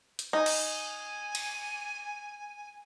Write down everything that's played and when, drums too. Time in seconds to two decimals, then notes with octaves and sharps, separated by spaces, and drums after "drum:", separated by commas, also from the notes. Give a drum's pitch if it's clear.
0.19 drum: hi-hat
0.33 D#4 G#5
0.46 drum: cymbal
1.35 drum: cymbal